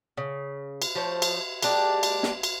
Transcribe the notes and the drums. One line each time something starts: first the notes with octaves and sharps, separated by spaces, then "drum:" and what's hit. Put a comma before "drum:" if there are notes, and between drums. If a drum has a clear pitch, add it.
C#3
drum: cymbal
F3 A3 C5 C#5
drum: cymbal
G#3 A#3 D4 G4, drum: cymbal
drum: cymbal
drum: snare
drum: cymbal